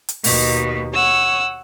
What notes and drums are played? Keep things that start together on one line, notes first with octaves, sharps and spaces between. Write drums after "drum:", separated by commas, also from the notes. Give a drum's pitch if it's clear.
drum: hi-hat
D#2 B2, drum: open hi-hat
C#5 F#5 E6